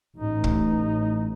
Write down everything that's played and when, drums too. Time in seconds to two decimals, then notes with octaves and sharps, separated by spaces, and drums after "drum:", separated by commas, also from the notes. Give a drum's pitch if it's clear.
0.17 A1 D#4
0.44 drum: kick